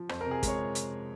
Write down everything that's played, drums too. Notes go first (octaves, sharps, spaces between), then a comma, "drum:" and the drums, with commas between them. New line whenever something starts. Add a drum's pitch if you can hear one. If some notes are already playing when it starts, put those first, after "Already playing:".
Already playing: F3
F2 C5, drum: rim click
A#4
C3
G#4
G#3 C#5, drum: kick, hi-hat
drum: hi-hat